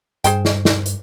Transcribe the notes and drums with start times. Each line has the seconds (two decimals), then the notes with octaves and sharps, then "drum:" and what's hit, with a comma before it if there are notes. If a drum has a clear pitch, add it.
0.24 G2 G#4 C5 G5, drum: hi-hat
0.45 drum: snare
0.65 drum: snare
0.86 drum: hi-hat